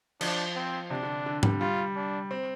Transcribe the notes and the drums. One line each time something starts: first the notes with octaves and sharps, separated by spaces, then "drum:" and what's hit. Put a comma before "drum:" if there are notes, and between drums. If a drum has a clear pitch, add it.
F3 D4, drum: cymbal
C4
C3 D4
D3
D3
G3, drum: tom G#2
G3 F4
D4
C4